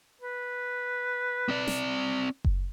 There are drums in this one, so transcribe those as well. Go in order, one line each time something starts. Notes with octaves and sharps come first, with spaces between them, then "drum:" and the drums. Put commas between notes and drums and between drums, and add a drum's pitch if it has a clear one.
B4
C4 D5
drum: snare
drum: kick F#1